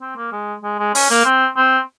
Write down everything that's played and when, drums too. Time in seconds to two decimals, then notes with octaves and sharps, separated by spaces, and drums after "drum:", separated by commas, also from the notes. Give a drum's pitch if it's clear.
0.02 C4
0.17 A#3
0.33 G#3
0.64 G#3
0.79 G#3
0.95 C#4, drum: open hi-hat
1.10 A#3
1.25 C4
1.57 C4